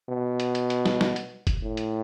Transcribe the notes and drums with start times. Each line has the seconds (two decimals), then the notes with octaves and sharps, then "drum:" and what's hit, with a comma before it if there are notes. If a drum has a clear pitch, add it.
0.09 B2
0.40 drum: hi-hat
0.55 drum: hi-hat
0.70 drum: hi-hat
0.86 drum: snare
1.01 drum: snare
1.16 drum: hi-hat
1.47 drum: kick F#1, hi-hat
1.62 A2
1.77 drum: hi-hat